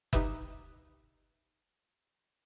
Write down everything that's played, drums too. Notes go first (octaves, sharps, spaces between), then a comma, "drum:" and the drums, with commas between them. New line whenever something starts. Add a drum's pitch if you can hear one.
D#4 G4 B4 E5, drum: kick F#1